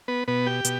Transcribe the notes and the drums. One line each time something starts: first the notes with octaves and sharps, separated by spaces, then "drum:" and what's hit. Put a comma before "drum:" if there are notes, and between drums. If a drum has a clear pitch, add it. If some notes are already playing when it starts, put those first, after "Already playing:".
B3 B4
B2 B3 B4
G4 G5
B2, drum: hi-hat